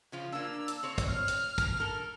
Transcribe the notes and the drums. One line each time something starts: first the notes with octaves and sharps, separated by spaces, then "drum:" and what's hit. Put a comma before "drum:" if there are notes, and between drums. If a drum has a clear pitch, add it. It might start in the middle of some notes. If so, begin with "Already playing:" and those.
C#3 F3 F4
A#3 D4 E6
drum: hi-hat
C4 C5 C#5
drum: kick, hi-hat
F6
drum: hi-hat
drum: kick, hi-hat
A4 A#4